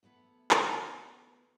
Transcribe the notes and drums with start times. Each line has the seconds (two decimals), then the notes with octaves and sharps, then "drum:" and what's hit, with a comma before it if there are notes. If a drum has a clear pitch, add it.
0.03 D2 E3 B3 E4 A4
0.51 drum: clap